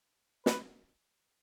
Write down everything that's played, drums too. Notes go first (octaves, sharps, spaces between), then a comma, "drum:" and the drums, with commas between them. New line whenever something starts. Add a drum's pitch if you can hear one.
B4, drum: snare